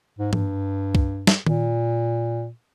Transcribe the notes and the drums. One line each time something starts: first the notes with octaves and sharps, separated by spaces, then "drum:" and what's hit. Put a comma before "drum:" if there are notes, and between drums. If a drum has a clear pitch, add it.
G#2
G2, drum: tom G#2
drum: kick C2
drum: snare
A#2, drum: tom D#3